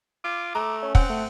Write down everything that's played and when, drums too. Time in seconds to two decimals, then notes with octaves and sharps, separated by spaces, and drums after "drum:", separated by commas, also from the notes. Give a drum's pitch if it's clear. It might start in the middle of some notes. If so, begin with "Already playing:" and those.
0.24 F4 D6
0.55 A3 A#5
0.83 C#4
0.95 C4 F#5, drum: kick
1.10 A3